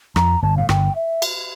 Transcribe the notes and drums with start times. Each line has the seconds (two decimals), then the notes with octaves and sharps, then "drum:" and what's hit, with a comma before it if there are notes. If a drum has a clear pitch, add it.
0.16 F2 F3 A#5, drum: rim click
0.42 G1 G2 A5
0.57 A2 F5
0.69 G1 G2 G5, drum: rim click
0.95 E5
1.22 drum: cymbal